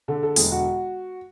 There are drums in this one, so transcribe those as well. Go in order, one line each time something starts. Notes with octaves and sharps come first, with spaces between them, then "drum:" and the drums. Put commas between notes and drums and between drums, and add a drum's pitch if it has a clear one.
D3 A4
A4
E1 G#4, drum: open hi-hat
F#4